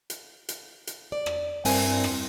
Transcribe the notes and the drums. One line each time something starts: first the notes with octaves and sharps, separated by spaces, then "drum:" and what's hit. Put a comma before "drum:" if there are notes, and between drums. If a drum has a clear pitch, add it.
drum: hi-hat
drum: hi-hat
drum: hi-hat
D5
drum: rim click
G2 C4 E4 A#4 G#5, drum: open hi-hat
drum: rim click